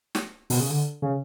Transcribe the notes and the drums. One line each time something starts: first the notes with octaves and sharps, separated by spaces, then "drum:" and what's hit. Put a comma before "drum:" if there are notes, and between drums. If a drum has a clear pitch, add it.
drum: snare
B2, drum: open hi-hat
C#3
D3
C#3